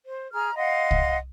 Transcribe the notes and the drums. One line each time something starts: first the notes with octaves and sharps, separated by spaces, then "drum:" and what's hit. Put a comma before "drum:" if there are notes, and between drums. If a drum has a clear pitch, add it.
C5
G#4 A#5 F6
D#5 F5 F#5 C6
drum: kick C2